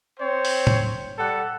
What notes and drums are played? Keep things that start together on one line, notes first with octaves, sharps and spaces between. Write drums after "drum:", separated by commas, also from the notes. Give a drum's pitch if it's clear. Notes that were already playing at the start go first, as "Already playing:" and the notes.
C4 C5 C#5
drum: open hi-hat
drum: tom A2
G3 A4 F#5